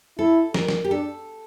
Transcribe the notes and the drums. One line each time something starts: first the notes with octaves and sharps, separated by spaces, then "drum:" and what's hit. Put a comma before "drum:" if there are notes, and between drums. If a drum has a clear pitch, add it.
E4 A4
A#4, drum: snare
drum: snare
G4
D4 A4